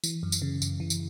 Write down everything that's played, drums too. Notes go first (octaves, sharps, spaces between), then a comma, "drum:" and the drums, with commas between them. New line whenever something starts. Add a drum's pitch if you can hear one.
E3, drum: tambourine
F#2
drum: tambourine
C#3
F#2, drum: tambourine
E3
drum: tambourine